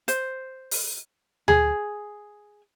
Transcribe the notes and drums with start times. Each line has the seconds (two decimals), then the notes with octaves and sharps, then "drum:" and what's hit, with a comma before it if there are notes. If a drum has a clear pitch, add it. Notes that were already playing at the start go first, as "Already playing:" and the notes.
0.08 C5, drum: hi-hat
0.71 drum: open hi-hat
1.48 G#4, drum: tom D2